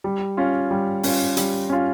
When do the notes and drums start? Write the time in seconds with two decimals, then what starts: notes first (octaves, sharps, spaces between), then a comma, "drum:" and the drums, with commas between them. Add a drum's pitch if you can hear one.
0.04 G3
0.37 C#4 F4
0.71 G3
1.03 C#4 F4, drum: open hi-hat
1.37 G3, drum: hi-hat
1.69 C#4 F4